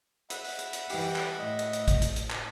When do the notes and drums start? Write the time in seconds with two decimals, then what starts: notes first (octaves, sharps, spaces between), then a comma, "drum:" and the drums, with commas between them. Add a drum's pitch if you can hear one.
0.30 E5 F#5 B5, drum: hi-hat
0.45 drum: open hi-hat
0.59 drum: hi-hat
0.73 drum: hi-hat
0.90 E3 G3 G4, drum: open hi-hat
1.16 drum: clap
1.39 A2 D#5
1.59 drum: hi-hat
1.73 drum: hi-hat
1.88 drum: kick, hi-hat
2.02 drum: hi-hat
2.16 drum: hi-hat
2.31 drum: clap